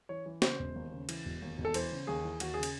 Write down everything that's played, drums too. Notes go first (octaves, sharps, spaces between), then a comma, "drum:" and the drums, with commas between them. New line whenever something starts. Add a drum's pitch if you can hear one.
E3 C#5
E3
C#3 C5, drum: snare
E1
D#2
C#3
E3, drum: cymbal
E1
D#2
E1
A4
E3 C5, drum: cymbal
C#3
D#2 G#4
E3
D#2 F#4, drum: cymbal
C#3 G#4
drum: cymbal